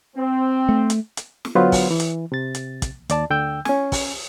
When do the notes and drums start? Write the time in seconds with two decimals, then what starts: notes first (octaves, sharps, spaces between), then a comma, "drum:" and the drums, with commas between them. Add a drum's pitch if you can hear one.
0.17 C4
0.69 A3
0.90 drum: hi-hat
1.17 drum: hi-hat
1.45 drum: snare
1.55 D3 F#3 B3 F4 B4 C5
1.72 drum: kick, open hi-hat
1.91 E3
2.00 drum: hi-hat
2.32 C3 A6
2.55 drum: hi-hat
2.82 drum: kick, hi-hat
3.10 D#2 D5 A5, drum: hi-hat
3.30 D2 D3 G5 E6 G6
3.65 C#4 G#5, drum: snare
3.92 drum: kick, open hi-hat